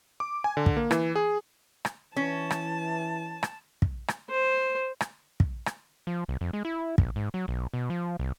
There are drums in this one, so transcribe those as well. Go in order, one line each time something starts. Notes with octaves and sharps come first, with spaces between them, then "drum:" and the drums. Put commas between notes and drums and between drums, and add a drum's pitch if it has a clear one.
D6
G#5
D3
drum: kick
A#3
E3, drum: rim click
G#4
drum: rim click
E3 C#4 A5
drum: rim click
drum: rim click
drum: kick
drum: rim click
C5
drum: rim click
drum: kick
drum: rim click
F3
C2
F2
G#3
E4
A#1, drum: kick
G#2
F#3
B1
B2
F3
C2